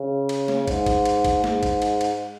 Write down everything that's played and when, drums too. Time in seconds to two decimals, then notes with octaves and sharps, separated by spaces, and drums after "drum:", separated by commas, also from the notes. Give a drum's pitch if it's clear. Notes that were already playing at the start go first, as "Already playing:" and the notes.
Already playing: C#3
0.29 drum: cymbal
0.48 drum: snare
0.67 G#2, drum: kick, cymbal
0.86 drum: kick, cymbal
1.05 drum: cymbal
1.25 drum: kick, cymbal
1.44 G#2, drum: snare
1.63 drum: kick, cymbal
1.82 drum: cymbal
2.01 drum: cymbal